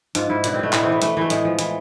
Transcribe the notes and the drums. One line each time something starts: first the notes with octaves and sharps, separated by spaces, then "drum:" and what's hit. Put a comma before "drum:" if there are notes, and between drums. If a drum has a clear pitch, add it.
G#2 F4, drum: hi-hat
G#2 E4
B2 D4, drum: hi-hat
C4
B2 A3
A2 B3, drum: clap
E3 C4
B3
E3 A3, drum: hi-hat
E3 A3
A2 G#3, drum: hi-hat
F3
E3, drum: hi-hat